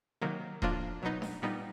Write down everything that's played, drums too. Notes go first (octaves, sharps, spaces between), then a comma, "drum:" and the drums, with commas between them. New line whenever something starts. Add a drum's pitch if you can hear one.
C3 D#3 F#3 A#3
A2 F3 A#3 D4 F4, drum: kick D#1
B2 F#3 B3 D#4
drum: snare D4
A#2 G3 B3 D#4